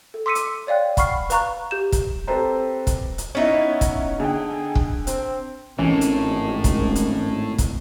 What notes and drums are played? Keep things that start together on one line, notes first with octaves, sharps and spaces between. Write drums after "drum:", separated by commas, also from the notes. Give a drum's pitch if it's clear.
A4
C6 D6 E6 B6 C#7 D#7
drum: hi-hat
C#5 D5 F5 G5 F#6
F#5 B5 C#6 F6 C7, drum: kick, hi-hat
B4 F5 A#5 C#6 F#6, drum: hi-hat
G4 G6 E7
drum: kick, hi-hat
C4 G4 A4 B4 C5 A#5
drum: kick, hi-hat
drum: hi-hat
B3 C#4 D#4 E4
drum: kick, hi-hat
D3 G#4 G5
drum: kick
C4, drum: hi-hat
G#1 A2 E3 C#4
drum: hi-hat
drum: kick, hi-hat
drum: hi-hat
drum: kick, hi-hat